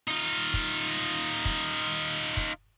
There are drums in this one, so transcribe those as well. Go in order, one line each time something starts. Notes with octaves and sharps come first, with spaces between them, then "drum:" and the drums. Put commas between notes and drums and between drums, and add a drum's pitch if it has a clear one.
D#4 F4
drum: hi-hat
drum: kick, hi-hat
drum: hi-hat
drum: hi-hat
drum: kick, hi-hat
drum: hi-hat
drum: hi-hat
drum: kick, hi-hat